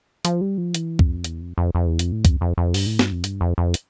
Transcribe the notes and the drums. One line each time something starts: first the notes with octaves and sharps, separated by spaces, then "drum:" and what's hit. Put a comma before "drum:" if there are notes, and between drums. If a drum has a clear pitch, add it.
F3, drum: hi-hat
G3
F3
E3, drum: hi-hat
F2, drum: kick C2
E2, drum: hi-hat
F2
F2
F2
E2
F2, drum: hi-hat
A2
F2, drum: kick C2, hi-hat
F2
F2
G2, drum: open hi-hat
A2
G2, drum: snare
F2
G2, drum: hi-hat
F2
F2
drum: hi-hat